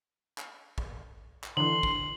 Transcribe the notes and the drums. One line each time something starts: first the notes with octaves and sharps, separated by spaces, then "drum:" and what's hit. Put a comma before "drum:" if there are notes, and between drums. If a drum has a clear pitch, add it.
drum: clap
drum: kick
drum: clap
D3 E3 C6 F#7
drum: kick